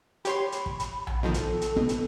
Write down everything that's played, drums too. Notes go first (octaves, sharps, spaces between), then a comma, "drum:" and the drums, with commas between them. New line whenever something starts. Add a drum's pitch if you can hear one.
G4 C#5 B5 C6, drum: hi-hat
drum: hi-hat
drum: kick
drum: hi-hat
drum: tom A#1
B2 D#3 F3 A4
drum: hi-hat
drum: hi-hat
B2 B3, drum: kick
drum: hi-hat